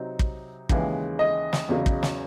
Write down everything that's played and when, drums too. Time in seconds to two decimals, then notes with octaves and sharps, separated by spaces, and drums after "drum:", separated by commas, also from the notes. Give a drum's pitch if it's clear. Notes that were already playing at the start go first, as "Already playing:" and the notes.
Already playing: C3 F#3 C4 D#4
0.19 drum: kick
0.69 D#2 C#3 E3 G#3, drum: kick
1.19 D#5
1.53 drum: snare
1.69 E2 C#3 F#3
1.86 drum: kick
2.03 drum: snare